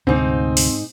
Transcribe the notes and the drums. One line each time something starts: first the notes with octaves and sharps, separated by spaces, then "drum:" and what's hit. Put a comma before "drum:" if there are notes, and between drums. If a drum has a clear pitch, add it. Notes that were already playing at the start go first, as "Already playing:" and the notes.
D2 G#2 C3 C4 D#4
drum: open hi-hat